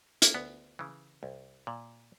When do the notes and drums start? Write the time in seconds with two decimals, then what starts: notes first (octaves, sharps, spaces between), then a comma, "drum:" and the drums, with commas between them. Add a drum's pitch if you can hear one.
0.22 A#3, drum: hi-hat
0.34 D2 B3
0.79 C#3 E3
1.23 C2
1.67 A#2